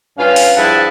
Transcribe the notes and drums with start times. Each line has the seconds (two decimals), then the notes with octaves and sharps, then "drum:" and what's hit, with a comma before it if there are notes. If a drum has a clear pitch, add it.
0.18 G2 C#4 F4 B4 F5
0.36 drum: open hi-hat
0.56 G2 F3 E4 G#4 F#5 A5